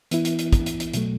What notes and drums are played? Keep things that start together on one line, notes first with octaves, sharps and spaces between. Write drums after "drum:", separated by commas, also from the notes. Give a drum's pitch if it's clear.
E3 B3 E4, drum: hi-hat
drum: hi-hat
drum: hi-hat
drum: kick, hi-hat
drum: hi-hat
drum: hi-hat
B2 F#3 A3, drum: hi-hat